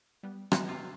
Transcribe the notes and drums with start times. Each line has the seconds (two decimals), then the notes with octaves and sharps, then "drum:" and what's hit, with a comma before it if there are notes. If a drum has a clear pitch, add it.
0.23 G3 B3
0.52 E2 B2, drum: rim click
0.68 C3 F4